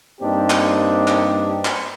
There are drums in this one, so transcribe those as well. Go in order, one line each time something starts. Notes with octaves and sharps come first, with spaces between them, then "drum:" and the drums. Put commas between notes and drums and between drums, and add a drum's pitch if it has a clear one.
G2 A#3 C4 D4 D#4 G4
drum: clap
drum: clap
drum: clap